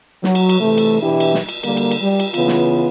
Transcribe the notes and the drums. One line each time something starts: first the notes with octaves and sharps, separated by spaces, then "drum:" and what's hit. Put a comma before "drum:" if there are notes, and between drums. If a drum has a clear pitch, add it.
F#3, drum: snare
drum: cymbal
drum: cymbal
C3 E3 A3
drum: cymbal
B2 E3 D4 E4 G4
drum: cymbal
drum: snare
drum: cymbal
D3 G3 A#3, drum: cymbal
drum: cymbal
drum: cymbal
G3
drum: cymbal
C#3 E3 B3 F4, drum: cymbal
drum: snare